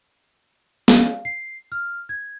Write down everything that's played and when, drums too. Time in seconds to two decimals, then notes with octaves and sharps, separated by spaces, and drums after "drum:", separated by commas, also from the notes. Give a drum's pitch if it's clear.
0.88 F5, drum: snare
1.25 C7
1.72 F6
2.09 G#6